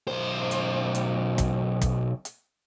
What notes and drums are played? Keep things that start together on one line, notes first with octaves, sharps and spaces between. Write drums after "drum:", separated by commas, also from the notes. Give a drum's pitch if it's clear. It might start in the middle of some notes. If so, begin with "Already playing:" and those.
B1 C5
drum: hi-hat
drum: hi-hat
drum: kick, hi-hat
drum: kick, hi-hat
drum: hi-hat